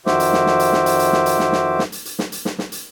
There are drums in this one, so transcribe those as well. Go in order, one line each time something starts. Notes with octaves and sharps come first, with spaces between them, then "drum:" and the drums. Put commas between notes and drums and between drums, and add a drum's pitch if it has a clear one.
F2 D#3 F#4 C5 E5 D6, drum: snare
drum: hi-hat
drum: snare
drum: snare
drum: hi-hat
drum: snare
drum: hi-hat
drum: hi-hat
drum: snare
drum: hi-hat
drum: snare
drum: snare
drum: snare
drum: hi-hat
drum: hi-hat
drum: snare
drum: hi-hat
drum: snare
drum: snare
drum: hi-hat